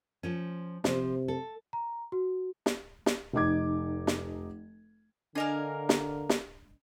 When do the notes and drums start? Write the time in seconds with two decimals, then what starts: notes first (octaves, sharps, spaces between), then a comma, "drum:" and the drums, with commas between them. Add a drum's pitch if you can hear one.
0.23 F3 C#4
0.84 C3 F3 C5, drum: snare
1.28 A4
1.73 A#5
2.12 F#4
2.66 drum: snare
3.06 drum: snare
3.33 F1 D#4 D6 G#6
4.07 drum: snare
5.35 D3 A#3 D4 A#4 D#5 G#5
5.89 drum: snare
6.29 drum: snare